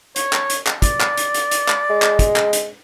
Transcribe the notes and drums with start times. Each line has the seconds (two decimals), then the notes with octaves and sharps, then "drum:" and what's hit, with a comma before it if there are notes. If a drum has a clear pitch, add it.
0.16 C#5, drum: hi-hat
0.33 drum: clap
0.50 drum: hi-hat
0.67 drum: clap
0.82 D5, drum: kick, hi-hat
1.01 drum: clap
1.17 drum: hi-hat
1.34 drum: hi-hat
1.51 drum: hi-hat
1.68 drum: clap
1.90 G#3
2.02 drum: clap
2.19 drum: kick, hi-hat
2.36 drum: clap
2.53 drum: hi-hat